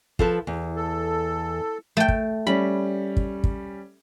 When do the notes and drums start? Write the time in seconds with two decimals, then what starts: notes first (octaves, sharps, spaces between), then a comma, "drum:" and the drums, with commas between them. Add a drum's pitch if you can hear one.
0.19 F3 A4 B4, drum: kick
0.47 E2
0.76 A4
1.97 A3 G5
2.08 drum: kick
2.47 G3 C#4 B5
3.17 drum: kick
3.44 drum: kick